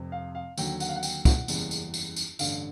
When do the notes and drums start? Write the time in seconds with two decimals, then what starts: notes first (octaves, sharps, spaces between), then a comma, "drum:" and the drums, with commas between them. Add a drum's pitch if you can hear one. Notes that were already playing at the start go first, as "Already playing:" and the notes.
Already playing: F1 F2 C3
0.12 F5
0.35 F5
0.58 D#2 D3 F#3 G5, drum: tambourine
0.80 F#5, drum: tambourine
0.89 F5
0.96 F#5
1.03 G5, drum: tambourine
1.25 F#5, drum: kick, tambourine
1.48 F#1 E2 C#3 E3 G3, drum: tambourine
1.71 drum: tambourine
1.94 drum: tambourine
2.16 drum: tambourine
2.39 A1 G2 D3 F5, drum: tambourine